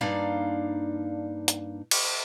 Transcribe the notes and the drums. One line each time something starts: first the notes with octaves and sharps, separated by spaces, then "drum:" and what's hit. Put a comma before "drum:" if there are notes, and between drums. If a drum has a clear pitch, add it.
G2 A#3 D4 D#4 D5 F5
drum: hi-hat
drum: cymbal